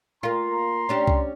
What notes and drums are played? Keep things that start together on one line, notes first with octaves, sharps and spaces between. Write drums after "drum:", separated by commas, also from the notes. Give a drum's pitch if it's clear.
A#3 F4 A#5 C6
C#4 D4 G4
drum: kick C2